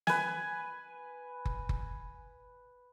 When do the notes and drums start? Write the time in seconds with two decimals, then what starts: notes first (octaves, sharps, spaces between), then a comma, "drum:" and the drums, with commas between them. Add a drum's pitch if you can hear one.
0.07 B4 G#5, drum: snare
1.45 drum: kick F#1
1.69 drum: kick F#1